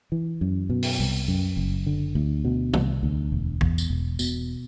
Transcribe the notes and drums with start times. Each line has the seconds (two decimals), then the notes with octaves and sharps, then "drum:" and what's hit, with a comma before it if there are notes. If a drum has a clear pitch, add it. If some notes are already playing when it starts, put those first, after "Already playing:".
0.12 E3
0.41 F#2
0.70 B2
0.82 drum: open hi-hat
0.99 C2
1.28 F#2
1.57 F#1
1.86 D3
2.15 D2
2.45 B2
2.73 C2, drum: tom
3.03 D2
3.32 E1
3.61 E2, drum: kick
3.78 drum: tambourine
3.90 E1
4.19 B2, drum: tambourine